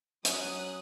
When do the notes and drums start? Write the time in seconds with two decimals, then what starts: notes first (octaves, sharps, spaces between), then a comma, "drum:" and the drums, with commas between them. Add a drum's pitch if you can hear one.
0.25 F#3 C#4 D#6 F#6, drum: hi-hat